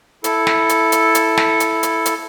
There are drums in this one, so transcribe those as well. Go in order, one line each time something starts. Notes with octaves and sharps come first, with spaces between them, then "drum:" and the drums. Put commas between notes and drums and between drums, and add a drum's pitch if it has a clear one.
E4 A4, drum: hi-hat
drum: snare
drum: hi-hat
drum: hi-hat
drum: hi-hat
drum: snare
drum: hi-hat
drum: hi-hat
drum: hi-hat